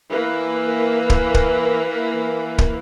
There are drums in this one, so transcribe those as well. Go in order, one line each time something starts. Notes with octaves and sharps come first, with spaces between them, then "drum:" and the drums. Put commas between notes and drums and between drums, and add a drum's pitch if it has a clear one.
E3 A#3 A#4 B4
drum: kick
drum: kick
drum: kick